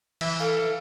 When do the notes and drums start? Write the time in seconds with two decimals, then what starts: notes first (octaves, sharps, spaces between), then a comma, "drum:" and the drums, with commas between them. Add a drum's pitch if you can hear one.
0.21 E3 E5, drum: cymbal
0.40 A4 F5